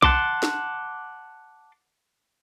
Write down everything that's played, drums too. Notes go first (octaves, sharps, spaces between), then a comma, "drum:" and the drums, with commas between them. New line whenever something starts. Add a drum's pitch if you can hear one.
F#5 A5 C6 D6, drum: kick B1
drum: snare